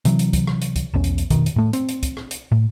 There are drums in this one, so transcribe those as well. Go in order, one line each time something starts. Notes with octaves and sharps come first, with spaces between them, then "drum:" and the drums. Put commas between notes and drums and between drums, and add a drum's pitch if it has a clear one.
C3 E3 F#3, drum: hi-hat
drum: hi-hat
drum: kick, hi-hat
drum: rim click
drum: hi-hat
drum: kick, hi-hat
B1 E2 C#4
drum: hi-hat
drum: hi-hat
F1 B2 D#3, drum: kick, hi-hat
drum: hi-hat
A2 A3
C4, drum: hi-hat
drum: hi-hat
drum: kick, hi-hat
drum: rim click
drum: hi-hat
A2